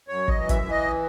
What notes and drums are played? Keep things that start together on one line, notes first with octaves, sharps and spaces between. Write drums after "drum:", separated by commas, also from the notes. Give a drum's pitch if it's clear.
F#2 C#5
D#5, drum: kick
E3
E5, drum: kick, hi-hat
E3
D#5